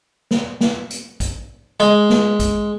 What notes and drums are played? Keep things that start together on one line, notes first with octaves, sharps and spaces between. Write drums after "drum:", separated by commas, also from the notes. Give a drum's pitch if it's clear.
drum: snare
drum: snare
drum: hi-hat
drum: kick, hi-hat
G#3, drum: hi-hat
drum: snare
drum: kick, hi-hat